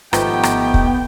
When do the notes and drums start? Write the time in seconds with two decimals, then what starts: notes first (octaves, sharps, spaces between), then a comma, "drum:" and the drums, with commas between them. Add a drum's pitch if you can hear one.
0.13 G#1 F3 A3 B3 D#4 G4 G5 G6, drum: rim click
0.43 drum: rim click
0.74 drum: kick